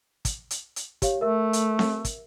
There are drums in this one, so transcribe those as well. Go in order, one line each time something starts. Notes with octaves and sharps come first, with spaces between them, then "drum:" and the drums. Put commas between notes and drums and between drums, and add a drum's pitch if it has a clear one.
drum: kick, hi-hat
drum: hi-hat
drum: hi-hat
G4 C#5 F5, drum: kick, hi-hat
A3 A#4 E5 E6
drum: hi-hat
drum: snare C4
drum: kick, hi-hat